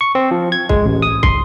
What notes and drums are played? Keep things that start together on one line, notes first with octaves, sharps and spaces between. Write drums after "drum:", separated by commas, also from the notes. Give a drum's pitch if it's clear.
C#6
C4
F3
G#6
G#3, drum: kick
A1
D#6
C6, drum: kick